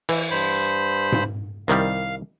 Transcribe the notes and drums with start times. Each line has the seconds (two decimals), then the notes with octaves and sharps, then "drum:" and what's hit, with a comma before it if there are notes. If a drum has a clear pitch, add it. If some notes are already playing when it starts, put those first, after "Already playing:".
0.09 E3, drum: open hi-hat
0.31 G2 C5 B5
1.12 drum: tom G#2
1.68 C2 D#3 G3 F5